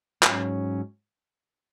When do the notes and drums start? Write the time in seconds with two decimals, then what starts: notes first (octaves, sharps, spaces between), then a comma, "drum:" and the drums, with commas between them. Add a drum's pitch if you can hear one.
0.23 G#2 F#3 C#4, drum: clap